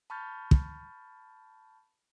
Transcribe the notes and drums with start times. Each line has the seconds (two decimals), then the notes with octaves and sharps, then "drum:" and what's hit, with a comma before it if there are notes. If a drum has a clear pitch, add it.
0.10 A5 B5 C#6 F6 G6 A6
0.51 drum: kick